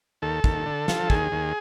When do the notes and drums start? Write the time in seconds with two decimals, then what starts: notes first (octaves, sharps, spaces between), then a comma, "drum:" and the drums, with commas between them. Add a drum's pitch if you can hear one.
0.22 D#2 A4
0.44 D#2, drum: kick
0.66 D3
0.88 F3, drum: snare
1.10 D#2 G#4, drum: kick
1.32 D#2